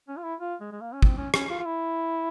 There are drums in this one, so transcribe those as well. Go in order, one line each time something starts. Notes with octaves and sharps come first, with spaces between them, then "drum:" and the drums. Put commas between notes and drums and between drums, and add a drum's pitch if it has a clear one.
C#4
F4
E4
F4
G#3
G#3
A#3
C#4
C4, drum: kick
C#4
C#4, drum: rim click
F4
F4
E4